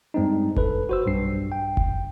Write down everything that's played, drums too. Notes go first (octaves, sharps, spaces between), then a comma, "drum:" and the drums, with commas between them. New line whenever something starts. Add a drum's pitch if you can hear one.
G2 G#3 C4 D4 D#4
A4 B4, drum: kick F#1
F#4 C5 E6
B1 G2 C7
G5
drum: kick F#1